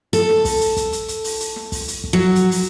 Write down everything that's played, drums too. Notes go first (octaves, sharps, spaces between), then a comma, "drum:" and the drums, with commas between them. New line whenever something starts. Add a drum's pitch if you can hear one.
A4, drum: hi-hat
drum: snare
drum: kick, open hi-hat
drum: hi-hat
drum: kick, hi-hat
drum: hi-hat
drum: hi-hat
drum: open hi-hat
drum: hi-hat
drum: snare
drum: kick, open hi-hat
drum: hi-hat
drum: kick
F#3
drum: hi-hat
drum: open hi-hat